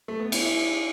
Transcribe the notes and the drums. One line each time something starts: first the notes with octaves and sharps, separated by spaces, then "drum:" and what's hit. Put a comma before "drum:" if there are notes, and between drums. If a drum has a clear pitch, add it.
A3
B3
E4, drum: cymbal
E4